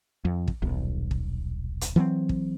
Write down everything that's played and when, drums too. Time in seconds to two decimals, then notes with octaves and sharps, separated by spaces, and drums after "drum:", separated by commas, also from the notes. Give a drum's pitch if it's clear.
0.25 F2
0.48 drum: kick
0.62 D#1 B1
1.11 drum: kick
1.81 drum: hi-hat
1.96 E3 F#3 A3 C4
2.29 drum: kick